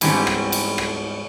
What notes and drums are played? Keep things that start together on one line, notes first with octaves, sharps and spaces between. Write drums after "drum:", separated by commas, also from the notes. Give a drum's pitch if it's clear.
G#2 B2 E3 G3 C4 C#4, drum: cymbal
drum: rim click
drum: cymbal
drum: rim click